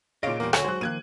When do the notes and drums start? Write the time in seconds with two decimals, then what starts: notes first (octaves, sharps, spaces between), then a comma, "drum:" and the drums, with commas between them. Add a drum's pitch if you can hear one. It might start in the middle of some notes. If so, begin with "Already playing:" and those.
0.23 A#2 C#3 C#5 D#5 F5 D7
0.40 E2 G3 A#3
0.53 D2 F#4 A4 C#5 G#5, drum: rim click
0.64 F#3 G#3 C5 F#6
0.81 D#3 F3 A#3 F#6 G#6 D#7